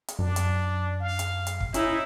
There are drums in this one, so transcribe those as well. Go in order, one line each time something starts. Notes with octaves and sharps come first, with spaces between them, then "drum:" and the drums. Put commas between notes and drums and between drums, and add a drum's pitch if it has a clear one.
drum: hi-hat
F#2 D4
drum: hi-hat
F5
drum: hi-hat
drum: hi-hat
drum: kick
C#4 D#4 E4, drum: hi-hat